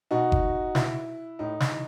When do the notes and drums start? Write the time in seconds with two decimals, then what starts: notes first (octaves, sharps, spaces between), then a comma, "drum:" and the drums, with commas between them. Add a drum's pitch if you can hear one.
0.11 B2 D#4 F#4
0.32 drum: kick F#1
0.75 B2 E4, drum: snare
1.39 A2 D#4
1.60 drum: snare
1.71 E3